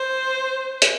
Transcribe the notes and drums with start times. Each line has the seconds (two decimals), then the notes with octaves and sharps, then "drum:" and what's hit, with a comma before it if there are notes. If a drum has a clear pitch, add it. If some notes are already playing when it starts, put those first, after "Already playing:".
Already playing: C5
0.82 drum: hi-hat